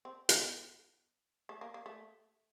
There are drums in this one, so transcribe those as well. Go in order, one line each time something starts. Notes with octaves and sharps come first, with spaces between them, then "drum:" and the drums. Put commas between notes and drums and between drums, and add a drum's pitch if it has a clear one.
C4
B3, drum: hi-hat
A3
A#3
A#3
A3